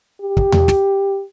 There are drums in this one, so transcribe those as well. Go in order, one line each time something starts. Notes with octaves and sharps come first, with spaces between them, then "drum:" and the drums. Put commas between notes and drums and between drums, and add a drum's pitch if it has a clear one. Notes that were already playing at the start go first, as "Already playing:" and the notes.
G4
drum: kick
drum: tom E2
drum: snare